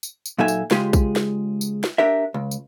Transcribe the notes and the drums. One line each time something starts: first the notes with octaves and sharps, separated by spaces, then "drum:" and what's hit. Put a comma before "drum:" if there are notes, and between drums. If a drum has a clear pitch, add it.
drum: tambourine
drum: tambourine
A#2 F#3 D#4 A4 E5 G#5
drum: tambourine
C#3 G#3 F4 G4 G#4, drum: snare
drum: kick A#1, tambourine
drum: snare
drum: tambourine
drum: snare
D4 G4 A#4 E5
C#2
drum: tambourine